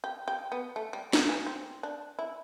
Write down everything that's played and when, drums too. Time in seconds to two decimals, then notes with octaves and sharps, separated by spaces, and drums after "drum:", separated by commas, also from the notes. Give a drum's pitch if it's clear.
0.04 G4
0.28 G4
0.52 B3
0.76 A3
0.93 G3
1.13 drum: snare
1.29 E3
1.46 C4
1.83 D4
2.19 E4